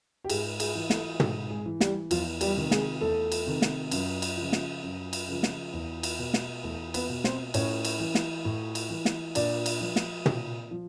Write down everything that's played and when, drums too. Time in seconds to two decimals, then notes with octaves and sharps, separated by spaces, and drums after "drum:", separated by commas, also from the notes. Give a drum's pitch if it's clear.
0.24 G4
0.30 G#2 G#3 G#4, drum: cymbal
0.60 G#3 G#4, drum: cymbal
0.75 E3
0.90 A3 A4, drum: snare
1.20 G#2 A3 A4, drum: tom
1.50 G#3 G#4
1.66 E3
1.80 G3 G4, drum: snare
2.11 E2 F3 F4, drum: cymbal
2.41 G3 G4, drum: cymbal
2.56 C3 D#3
2.71 G#3 G#4, drum: snare
3.01 E2 A3 A4
3.32 drum: cymbal
3.46 C3 D#3
3.62 drum: snare
3.91 F#2, drum: cymbal
4.22 drum: cymbal
4.37 C#3 F3
4.52 drum: snare
4.83 F#2
5.13 drum: cymbal
5.28 C#3 F3
5.43 drum: snare
5.73 E2
6.03 drum: cymbal
6.18 B2
6.34 drum: snare
6.64 E2 A3 A4
6.94 B3 B4, drum: cymbal
7.09 B2
7.24 C4 C5, drum: snare
7.54 A2 C#4 C#5, drum: cymbal
7.85 drum: cymbal
7.99 E3
8.15 drum: snare
8.45 A2
8.75 drum: cymbal
8.90 E3
9.05 drum: snare
9.35 A#2 D4 D5, drum: cymbal
9.66 drum: cymbal
9.81 F3
9.96 drum: snare
10.26 A#2, drum: tom
10.71 F3